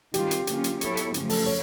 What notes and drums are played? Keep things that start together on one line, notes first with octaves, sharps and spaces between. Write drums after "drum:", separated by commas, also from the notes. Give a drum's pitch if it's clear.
D#3 G3 C4 F4 G4, drum: hi-hat
drum: hi-hat
D3 F#3 A#3 C#4 F4, drum: hi-hat
drum: hi-hat
F#3 B3 E4 A4 C#5, drum: hi-hat
drum: hi-hat
F#2 C#3 F3 A3 C#4, drum: hi-hat
A4, drum: open hi-hat
C#5